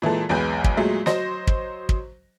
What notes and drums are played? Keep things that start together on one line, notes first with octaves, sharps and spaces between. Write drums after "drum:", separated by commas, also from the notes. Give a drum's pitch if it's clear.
A#2 E3 G#3 A4
B1 E2 G#3 B4 G#5 G6
drum: kick
A#2 F#3 G#3 A3
F#3 C5 D#5 A#6, drum: snare
drum: kick
drum: kick